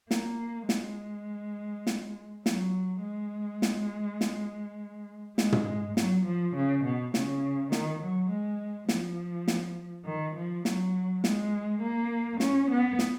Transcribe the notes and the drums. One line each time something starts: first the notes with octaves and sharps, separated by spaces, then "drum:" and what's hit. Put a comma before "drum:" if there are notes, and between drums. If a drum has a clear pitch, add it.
A#3, drum: snare
G#3, drum: snare
drum: snare
F#3, drum: snare
G#3
drum: snare
drum: snare
G#3, drum: snare
drum: tom
F#3, drum: snare
F3
C#3
B2
C#3, drum: snare
D#3, drum: snare
F#3
G#3
F3, drum: snare
drum: snare
D#3
F3
F#3, drum: snare
G#3, drum: snare
A#3
C#4, drum: snare
B3
drum: snare